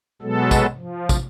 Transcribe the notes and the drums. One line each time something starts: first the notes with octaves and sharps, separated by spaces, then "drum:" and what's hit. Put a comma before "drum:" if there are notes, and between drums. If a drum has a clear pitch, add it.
B2 F#3 G#3 B3 A4
drum: kick, tambourine
F3
drum: kick, tambourine